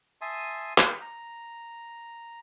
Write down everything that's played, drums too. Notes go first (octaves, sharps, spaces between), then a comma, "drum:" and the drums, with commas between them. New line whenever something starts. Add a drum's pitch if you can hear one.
E5 G#5 A5 C6 D#6
drum: clap
A#5